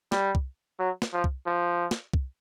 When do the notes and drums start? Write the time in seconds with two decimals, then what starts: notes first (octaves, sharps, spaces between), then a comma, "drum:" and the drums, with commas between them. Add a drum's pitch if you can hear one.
0.12 G3, drum: snare
0.35 drum: kick C2
0.79 F#3
1.02 drum: snare
1.13 F3
1.24 drum: kick C2
1.46 F3
1.91 drum: snare
2.14 drum: kick C2